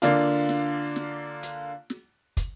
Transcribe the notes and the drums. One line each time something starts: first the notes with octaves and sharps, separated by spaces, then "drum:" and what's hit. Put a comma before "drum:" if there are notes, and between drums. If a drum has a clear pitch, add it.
D3 A#3 D4 F4, drum: hi-hat
drum: snare
drum: snare
drum: hi-hat
drum: snare
drum: kick, hi-hat